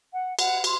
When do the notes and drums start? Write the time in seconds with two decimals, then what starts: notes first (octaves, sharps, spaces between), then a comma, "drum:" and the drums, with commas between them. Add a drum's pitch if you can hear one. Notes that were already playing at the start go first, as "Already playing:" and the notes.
0.13 F#5
0.39 F#5, drum: cymbal
0.64 C6, drum: cymbal